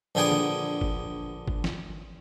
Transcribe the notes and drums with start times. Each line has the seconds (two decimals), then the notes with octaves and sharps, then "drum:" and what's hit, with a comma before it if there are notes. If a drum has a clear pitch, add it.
0.15 A#1 D3 B3 G#4 G5 G#5
0.32 drum: tom D3
0.81 drum: kick G1
1.48 drum: kick G1
1.64 drum: snare